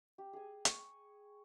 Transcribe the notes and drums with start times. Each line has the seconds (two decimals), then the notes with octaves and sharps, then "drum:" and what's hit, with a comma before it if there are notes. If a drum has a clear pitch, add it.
0.18 G4
0.33 G#4 G#5
0.65 C#6, drum: hi-hat